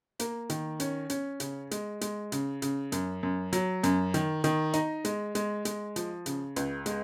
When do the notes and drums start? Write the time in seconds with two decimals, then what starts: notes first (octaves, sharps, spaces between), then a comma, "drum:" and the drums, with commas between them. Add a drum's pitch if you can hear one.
0.20 A#3, drum: hi-hat
0.50 D#3, drum: hi-hat
0.80 C#4, drum: hi-hat
1.10 C#4, drum: hi-hat
1.40 C#3, drum: hi-hat
1.71 G#3, drum: hi-hat
2.01 G#3, drum: hi-hat
2.32 C#3, drum: hi-hat
2.62 C#3, drum: hi-hat
2.92 F#2, drum: hi-hat
3.23 F#2
3.53 F#3, drum: hi-hat
3.84 F#2, drum: hi-hat
4.14 D#3, drum: hi-hat
4.44 D#3, drum: hi-hat
4.73 D#4, drum: hi-hat
5.05 G#3, drum: hi-hat
5.35 G#3, drum: hi-hat
5.65 G#3, drum: hi-hat
5.96 F3, drum: hi-hat
6.26 C#3, drum: hi-hat
6.56 C#2, drum: hi-hat
6.86 G#3, drum: hi-hat